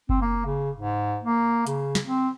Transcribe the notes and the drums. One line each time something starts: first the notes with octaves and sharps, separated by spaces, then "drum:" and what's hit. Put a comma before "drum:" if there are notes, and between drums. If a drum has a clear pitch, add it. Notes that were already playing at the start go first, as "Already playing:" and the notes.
C4, drum: kick F#1
A#3
C#3
G#2
A#3
C#3, drum: hi-hat
drum: snare
C4